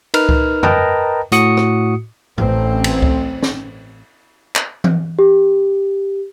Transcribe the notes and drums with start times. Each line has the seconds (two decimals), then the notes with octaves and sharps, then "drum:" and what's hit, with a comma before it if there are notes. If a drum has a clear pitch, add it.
0.14 D#4 A#4 B4 F6, drum: cymbal
0.29 drum: kick C#2
0.63 A#4 B4 D#5 G5 A5 A#5, drum: tom F2
1.32 A2 F#4 D#6 C#7, drum: hi-hat
1.57 drum: rim click
2.38 A1 C4, drum: tom
2.84 drum: cymbal
3.02 drum: kick C#2
3.43 drum: snare
4.56 drum: clap
4.84 drum: tom E3
5.19 G4